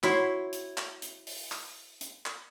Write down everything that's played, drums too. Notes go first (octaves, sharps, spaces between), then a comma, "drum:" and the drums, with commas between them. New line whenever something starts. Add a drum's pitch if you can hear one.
E4 F#4 C#5 C6, drum: clap
drum: hi-hat
drum: clap
drum: hi-hat
drum: open hi-hat
drum: clap
drum: hi-hat
drum: clap